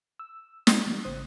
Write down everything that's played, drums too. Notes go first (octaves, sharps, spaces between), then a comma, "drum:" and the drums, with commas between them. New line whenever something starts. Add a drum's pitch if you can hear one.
E6
B3 C#4 E4 F4, drum: snare
E3 G3
G#1 C#3 C5 D#6 F#6